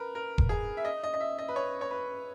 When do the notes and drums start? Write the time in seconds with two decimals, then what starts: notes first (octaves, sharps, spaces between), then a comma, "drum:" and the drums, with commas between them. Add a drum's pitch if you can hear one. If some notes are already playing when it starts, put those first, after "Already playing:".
Already playing: A#4 B4
0.15 A#4
0.38 drum: kick E1
0.49 G#4
0.77 E5
0.85 D#5
1.04 D#5
1.14 D#5
1.20 E5
1.39 D#5
1.48 B4
1.56 C#5
1.81 C#5
1.91 B4